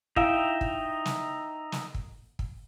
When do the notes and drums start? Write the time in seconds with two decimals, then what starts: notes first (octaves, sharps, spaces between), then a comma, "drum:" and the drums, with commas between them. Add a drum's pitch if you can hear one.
0.16 D#4 E4 E5 F5 G5, drum: kick
0.61 drum: kick
1.05 drum: snare
1.72 drum: snare
1.94 drum: kick
2.39 drum: kick